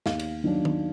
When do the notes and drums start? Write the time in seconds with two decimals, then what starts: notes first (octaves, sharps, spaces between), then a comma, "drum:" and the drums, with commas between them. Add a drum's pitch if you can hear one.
0.06 D#2 F5, drum: snare
0.20 drum: cymbal
0.44 D#3 F#3 B3 D4
0.65 drum: tom